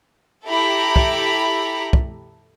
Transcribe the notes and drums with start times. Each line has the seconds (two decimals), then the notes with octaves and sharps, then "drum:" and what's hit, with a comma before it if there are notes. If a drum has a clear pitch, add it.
0.47 E4 G4 A4 E5 A#5 B5
0.96 drum: kick
1.93 drum: kick